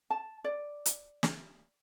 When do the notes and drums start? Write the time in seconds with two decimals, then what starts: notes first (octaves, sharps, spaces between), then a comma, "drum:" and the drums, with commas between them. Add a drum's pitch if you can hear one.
0.10 A5
0.44 D5
0.86 drum: hi-hat
1.23 drum: snare